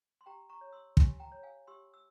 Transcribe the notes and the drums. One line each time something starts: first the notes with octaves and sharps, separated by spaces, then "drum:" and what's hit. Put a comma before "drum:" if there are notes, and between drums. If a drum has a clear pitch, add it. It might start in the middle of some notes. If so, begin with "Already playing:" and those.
C6
G4 G5 A#5
A#5 C#6
C#5
C6 E6
G4 G#5 C6, drum: kick
G5 A#5
C#5
F5 G#5
G4 C6 E6
E6